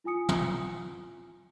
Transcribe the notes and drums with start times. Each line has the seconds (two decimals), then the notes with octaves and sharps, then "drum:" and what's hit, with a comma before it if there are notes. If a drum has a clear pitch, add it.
0.04 E4 F4 G#5 D#6 C#7
0.29 drum: tom